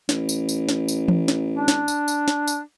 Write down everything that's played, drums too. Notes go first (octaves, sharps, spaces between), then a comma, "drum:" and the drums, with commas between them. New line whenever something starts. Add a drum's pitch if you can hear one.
A1, drum: snare
drum: tambourine
drum: tambourine
drum: snare
drum: tambourine
drum: tom E3
drum: snare
D4
drum: snare
drum: tambourine
drum: tambourine
drum: snare
drum: tambourine